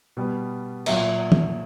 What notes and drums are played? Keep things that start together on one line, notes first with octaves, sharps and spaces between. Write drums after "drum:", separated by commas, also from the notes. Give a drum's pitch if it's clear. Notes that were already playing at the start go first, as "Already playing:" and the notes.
B2 G3 B3
A#2 F#3 A#3 E5, drum: cymbal
drum: tom